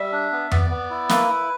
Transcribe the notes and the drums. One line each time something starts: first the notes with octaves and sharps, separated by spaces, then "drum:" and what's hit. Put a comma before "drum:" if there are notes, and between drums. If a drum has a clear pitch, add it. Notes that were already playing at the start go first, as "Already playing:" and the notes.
Already playing: G3 E5
D4
B3
B3 D5, drum: tom F2
B3
E4
A#3 B4, drum: snare
E4